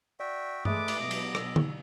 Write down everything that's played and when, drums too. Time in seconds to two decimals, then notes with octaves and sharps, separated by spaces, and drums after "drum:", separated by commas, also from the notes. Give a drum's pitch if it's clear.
0.20 F#4 D5 E5 G5
0.65 G#3 A3 B4 D5 E5 D6 D#6, drum: tom G2
0.88 drum: cymbal
1.00 B2 F#3 D#5
1.11 drum: cymbal
1.35 E6, drum: rim click
1.56 drum: tom D3